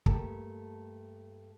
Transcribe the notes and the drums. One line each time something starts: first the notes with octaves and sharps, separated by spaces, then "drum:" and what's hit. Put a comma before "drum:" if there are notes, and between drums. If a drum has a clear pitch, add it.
G2 A3 A#3 G4 A5, drum: kick